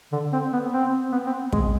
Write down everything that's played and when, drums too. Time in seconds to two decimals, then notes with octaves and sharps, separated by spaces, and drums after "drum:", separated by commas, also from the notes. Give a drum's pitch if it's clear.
0.12 D3
0.33 C4
0.53 B3
0.73 C4
1.12 B3
1.26 C4
1.52 G#3, drum: kick